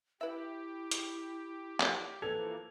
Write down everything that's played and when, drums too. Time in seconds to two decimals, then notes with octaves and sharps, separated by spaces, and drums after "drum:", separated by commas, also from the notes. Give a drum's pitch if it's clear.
0.21 E4 G4 B4 E5
0.91 drum: hi-hat
1.80 drum: clap
2.22 E3 F3 A#3 A4 B4 G#6 F7